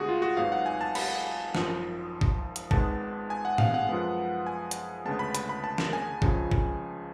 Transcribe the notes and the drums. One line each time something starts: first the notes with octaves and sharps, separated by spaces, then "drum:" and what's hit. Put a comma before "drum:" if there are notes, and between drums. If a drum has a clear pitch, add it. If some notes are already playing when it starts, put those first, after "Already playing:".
Already playing: D2 D3 G#3 B3 F#4 G#4
F4
F#4
G#1 G#2 F#3 B3 F5
F#5
G#5
A5
B5, drum: cymbal
G#1 F#2 F3, drum: snare
drum: kick
drum: hi-hat
G#1 G#2 G#3 B3 A5, drum: kick
G#5
F#5
F5, drum: tom G#2
F#5
F#2 F3 G#3 B3
G#5
drum: hi-hat
D2 C#3 G#3 B3 A5
B5
B5, drum: hi-hat
B5
A5
drum: snare
G#5
C#2 C#3 F3, drum: kick
drum: kick